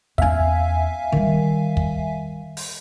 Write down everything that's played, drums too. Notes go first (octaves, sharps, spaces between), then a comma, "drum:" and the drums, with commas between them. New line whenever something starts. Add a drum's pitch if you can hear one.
E2 C#4 E5 F5 G#5, drum: kick
D#3 G3
drum: kick
drum: open hi-hat